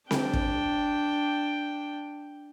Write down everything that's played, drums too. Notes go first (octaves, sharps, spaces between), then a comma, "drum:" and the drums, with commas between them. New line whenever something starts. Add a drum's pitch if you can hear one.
D4 G5, drum: snare C4
drum: kick